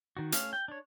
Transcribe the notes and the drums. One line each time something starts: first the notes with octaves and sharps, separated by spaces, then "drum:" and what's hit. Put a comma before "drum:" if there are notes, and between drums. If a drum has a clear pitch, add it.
D#3 F#4
A3 C#4 F5, drum: hi-hat
G5
D4 C#5